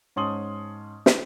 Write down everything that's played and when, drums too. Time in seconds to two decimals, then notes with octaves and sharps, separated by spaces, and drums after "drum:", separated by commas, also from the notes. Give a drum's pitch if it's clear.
0.16 G#2 C#4 A5 C6 D#6 F#7
1.06 drum: snare